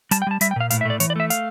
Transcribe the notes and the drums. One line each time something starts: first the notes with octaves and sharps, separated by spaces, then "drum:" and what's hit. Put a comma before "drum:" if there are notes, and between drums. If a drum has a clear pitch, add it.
G3 A5, drum: hi-hat
G5
G3 A5
G3 E5, drum: hi-hat
G5
A#2 F5
A2 F5, drum: hi-hat
E5
A3 D5
E3 C#5, drum: hi-hat
D5
A3 E5
F5, drum: hi-hat